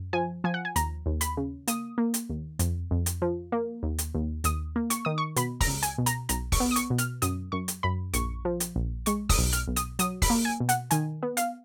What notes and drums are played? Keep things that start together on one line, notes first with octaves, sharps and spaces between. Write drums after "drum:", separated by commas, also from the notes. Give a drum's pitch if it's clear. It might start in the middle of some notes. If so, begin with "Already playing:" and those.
Already playing: F#2
F3 G#5
F3 G#5
F#5
G#5
D#2 A#5, drum: hi-hat
D#2
B5, drum: hi-hat
C#3
A#3 D#6, drum: hi-hat
A#3
drum: hi-hat
D#2
F2, drum: hi-hat
F2
drum: hi-hat
F3
A#3
D#2
drum: hi-hat
D#2
D#2 D#6, drum: hi-hat
A#3
C#6, drum: hi-hat
D#3 D#6
C#6
B2 B5, drum: hi-hat
A#5, drum: kick, open hi-hat
C#2
G#5, drum: hi-hat
B2
A#5, drum: hi-hat
B1 A#5, drum: hi-hat
C#6, drum: kick, open hi-hat
B3
D#6
C#6, drum: hi-hat
B2
F6, drum: hi-hat
F#2 D#6, drum: hi-hat
F#2 C#6
drum: hi-hat
F#2 B5
A#1 C#6, drum: hi-hat
F3
drum: hi-hat
A#1
G#3 C#6, drum: hi-hat
D#6, drum: kick, open hi-hat
B1
F6, drum: hi-hat
B1
D#6, drum: hi-hat
F#3 D#6, drum: hi-hat
B5, drum: kick, open hi-hat
A#3
G#5
B2
F#5, drum: hi-hat
D#3 G#5, drum: hi-hat
B3
F5, drum: hi-hat